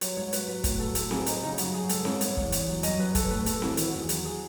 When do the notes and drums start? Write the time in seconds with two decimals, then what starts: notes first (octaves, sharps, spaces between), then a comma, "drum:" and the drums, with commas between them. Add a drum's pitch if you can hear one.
0.01 F#3 C#5, drum: hi-hat
0.17 G#2 C#5
0.33 F#3 B4, drum: hi-hat
0.48 F#3 B4
0.64 A2 B4, drum: kick, hi-hat
0.79 F#3 A4
0.95 A2 A4, drum: hi-hat
1.11 F#3 G#4, drum: snare C4
1.26 F#3 D#4, drum: hi-hat
1.42 C#3 D#4
1.58 F#2 F#4, drum: hi-hat
1.74 F#2 G#4
1.89 G#2 A4, drum: hi-hat
2.05 G#2 C#5, drum: snare C4
2.21 G#2 C#5, drum: hi-hat
2.37 E2, drum: kick
2.52 E2, drum: hi-hat
2.69 F#3
2.83 F#2 D#5, drum: hi-hat
2.99 F#2 B4
3.10 B4
3.15 F#2 A4, drum: kick, hi-hat
3.31 A2 B4
3.46 A2 A4, drum: hi-hat
3.62 E3 F#4, drum: snare C4
3.77 D#3 E4, drum: hi-hat
3.89 F#4
3.94 E2
4.01 G#4
4.09 F#3, drum: hi-hat
4.25 G#4